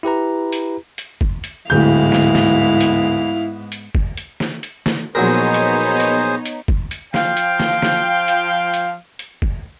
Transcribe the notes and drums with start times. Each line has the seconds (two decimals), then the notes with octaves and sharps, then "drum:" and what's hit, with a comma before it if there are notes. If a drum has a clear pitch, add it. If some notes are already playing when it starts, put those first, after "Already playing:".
0.03 E4 G4 B4 A#5
0.52 drum: hi-hat
0.98 drum: hi-hat
1.21 drum: kick
1.44 drum: hi-hat
1.70 D1 G#2 B3 E4 F5 G6
2.12 drum: snare
2.35 drum: snare
2.81 drum: hi-hat
3.72 drum: hi-hat
3.95 drum: kick
4.17 drum: hi-hat
4.40 drum: snare
4.63 drum: hi-hat
4.86 drum: snare
5.15 A#1 F#3 B3 D#4 G#4 A#4 C5 C#5
5.54 drum: hi-hat
6.00 drum: hi-hat
6.46 drum: hi-hat
6.68 drum: kick
6.91 drum: hi-hat
7.14 F3 F5 G5, drum: snare
7.37 drum: hi-hat
7.60 drum: snare
7.82 drum: snare
8.28 drum: hi-hat
8.74 drum: hi-hat
9.19 drum: hi-hat
9.42 drum: kick